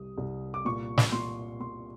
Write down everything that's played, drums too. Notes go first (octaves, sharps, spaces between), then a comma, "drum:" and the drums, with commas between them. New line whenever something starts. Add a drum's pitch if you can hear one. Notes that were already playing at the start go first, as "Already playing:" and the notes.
Already playing: C2 G3 D#6
C2
D6
A#2 C#6
drum: snare
A#2 C6
A#2 C6